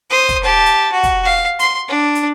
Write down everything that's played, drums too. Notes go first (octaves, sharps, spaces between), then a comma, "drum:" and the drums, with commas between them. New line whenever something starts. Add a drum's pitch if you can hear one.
C5 D#6
drum: kick, hi-hat
G4 A5
drum: hi-hat
F#4
drum: kick, hi-hat
F5
C6, drum: hi-hat
D4
drum: hi-hat